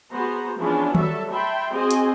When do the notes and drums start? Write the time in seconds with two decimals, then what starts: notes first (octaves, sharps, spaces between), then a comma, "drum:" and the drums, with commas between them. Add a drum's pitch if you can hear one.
0.11 B3 F#4 G#4 C5 A#5
0.59 E3 F3 B3 C#4 D4 G#4
0.95 F#3 G3 F#4 A4 E5, drum: tom D#3
1.30 E5 G5 A5 B5 C6
1.73 C4 F#4 G#4 C5 D#5 G#5
1.91 drum: hi-hat